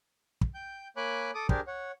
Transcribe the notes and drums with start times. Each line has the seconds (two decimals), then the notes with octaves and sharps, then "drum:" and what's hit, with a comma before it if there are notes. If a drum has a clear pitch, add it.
0.41 drum: kick
0.54 G5 G6
0.97 A#3 C#5 G#5 B5 D6 F#6
1.34 A4 D6 D#6
1.49 D4 G4 G#4 A#4 C5, drum: kick
1.67 C#5 F#5